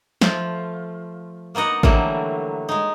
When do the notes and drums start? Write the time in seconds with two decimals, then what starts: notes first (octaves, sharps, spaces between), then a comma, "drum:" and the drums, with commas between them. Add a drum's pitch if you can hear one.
0.21 F3 A3 F4, drum: snare
1.55 A#3 B3 D#4 D#5 F#5
1.83 D3 E3 F#3 G3 A3 A#3, drum: kick G#1
2.69 G#3 D#4